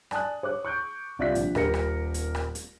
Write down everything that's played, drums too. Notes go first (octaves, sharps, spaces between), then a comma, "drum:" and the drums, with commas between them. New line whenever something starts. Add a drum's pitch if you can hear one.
D5 G#5 A5 D#6 F#6, drum: rim click
C#5 D6 F#6
C#6 F#6 G6 D7
C2 F4 D5 E5 F#6 B6
A#1, drum: hi-hat
D#1 G4 A#4 A#6 C#7, drum: rim click
drum: rim click
drum: hi-hat
drum: rim click
drum: hi-hat